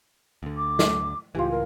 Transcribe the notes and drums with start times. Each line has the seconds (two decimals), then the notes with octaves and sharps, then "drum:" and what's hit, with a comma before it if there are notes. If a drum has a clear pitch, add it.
0.43 D2 D3
0.56 D6
0.79 drum: snare
1.35 C#2 A2 E3 F4 G4 G#5
1.50 A#4